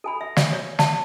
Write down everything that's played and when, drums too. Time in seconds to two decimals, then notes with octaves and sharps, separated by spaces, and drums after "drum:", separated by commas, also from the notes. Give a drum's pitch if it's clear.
0.04 A4 G#5 B5
0.21 E5
0.36 G#5, drum: snare
0.53 C#5
0.79 A5, drum: snare